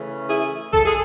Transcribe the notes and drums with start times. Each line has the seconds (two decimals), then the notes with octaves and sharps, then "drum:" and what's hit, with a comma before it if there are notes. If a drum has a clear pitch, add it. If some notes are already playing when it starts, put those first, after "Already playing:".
Already playing: C#3 E3 A3 C#4
0.29 E4 G#4
0.73 A4, drum: kick B1
0.86 G#4